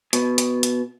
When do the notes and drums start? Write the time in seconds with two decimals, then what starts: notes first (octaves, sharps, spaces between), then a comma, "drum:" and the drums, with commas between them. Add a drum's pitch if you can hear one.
0.13 B2, drum: hi-hat
0.38 drum: hi-hat
0.63 drum: hi-hat